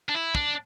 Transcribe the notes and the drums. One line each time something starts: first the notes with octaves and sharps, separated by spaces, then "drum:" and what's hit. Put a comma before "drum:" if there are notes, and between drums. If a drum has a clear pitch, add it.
D4
E4
D4, drum: kick